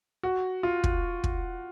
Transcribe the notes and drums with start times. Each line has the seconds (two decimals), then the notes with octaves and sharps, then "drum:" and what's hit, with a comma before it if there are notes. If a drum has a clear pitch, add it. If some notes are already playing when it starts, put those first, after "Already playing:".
0.23 F#4
0.63 F4
0.84 drum: kick
1.24 drum: kick